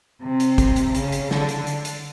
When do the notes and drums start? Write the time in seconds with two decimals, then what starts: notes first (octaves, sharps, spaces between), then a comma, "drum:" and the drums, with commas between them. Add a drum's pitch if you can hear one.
0.22 C3
0.40 drum: hi-hat
0.58 drum: kick, hi-hat
0.76 drum: hi-hat
0.95 C#3, drum: hi-hat
1.12 drum: hi-hat
1.31 D3, drum: snare
1.49 drum: hi-hat
1.67 drum: hi-hat
1.85 drum: hi-hat